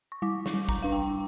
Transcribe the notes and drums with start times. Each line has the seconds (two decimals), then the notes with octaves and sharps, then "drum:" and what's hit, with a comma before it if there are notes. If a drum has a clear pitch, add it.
0.12 C#6
0.22 G3 D6
0.46 C#6, drum: snare
0.53 G3
0.69 A#5, drum: kick
0.82 D4 F5
0.92 G5